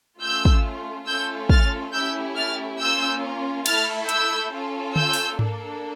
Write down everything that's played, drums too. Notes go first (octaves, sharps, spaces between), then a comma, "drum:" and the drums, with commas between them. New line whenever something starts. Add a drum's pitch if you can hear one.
A3 C#4 F4 E6 G6
drum: kick
A3 C#4 F4 A4 E6 G6
F6 A6, drum: kick
A3 C#4 E4 G4 E6 G6
F6 A6
A#3 C#4 F4 E6 G6
A3 E4 A4 F6 A6, drum: cymbal
E6 G6, drum: hi-hat
C#4 F4 A4
E6 G6, drum: tom D3
drum: open hi-hat
A#3 D4 A4, drum: tom G#2